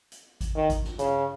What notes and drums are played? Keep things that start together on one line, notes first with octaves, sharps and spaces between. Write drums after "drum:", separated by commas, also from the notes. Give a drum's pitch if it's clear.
drum: hi-hat
drum: kick G#1, hi-hat
D#3
drum: kick G#1, hi-hat
drum: snare
C#3, drum: hi-hat